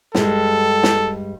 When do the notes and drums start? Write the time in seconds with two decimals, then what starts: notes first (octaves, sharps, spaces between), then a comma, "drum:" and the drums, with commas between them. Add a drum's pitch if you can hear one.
0.15 G2 G3 G#3 A4, drum: snare
0.83 drum: snare